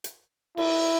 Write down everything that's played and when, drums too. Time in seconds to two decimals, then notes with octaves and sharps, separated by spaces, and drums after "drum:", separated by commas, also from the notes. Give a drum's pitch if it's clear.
0.04 drum: hi-hat
0.57 E4, drum: cymbal